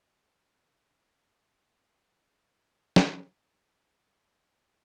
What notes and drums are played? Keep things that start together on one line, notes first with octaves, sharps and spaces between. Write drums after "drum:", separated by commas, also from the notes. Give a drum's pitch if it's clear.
D#5
F4
A5
D#4
C6
C#4 C6
drum: snare